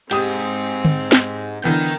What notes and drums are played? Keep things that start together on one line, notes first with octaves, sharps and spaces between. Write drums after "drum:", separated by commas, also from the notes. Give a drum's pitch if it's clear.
G#2 C4 G4 D#6, drum: hi-hat
drum: tom D3
drum: snare
D3 E3 B3 A#4 G5